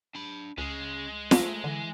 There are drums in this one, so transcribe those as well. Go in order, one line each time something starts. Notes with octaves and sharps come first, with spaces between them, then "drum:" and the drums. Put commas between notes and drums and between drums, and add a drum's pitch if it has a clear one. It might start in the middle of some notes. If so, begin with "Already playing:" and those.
D4 B5
C#2 G#3 C#4 G#4
A3, drum: snare
D3 E3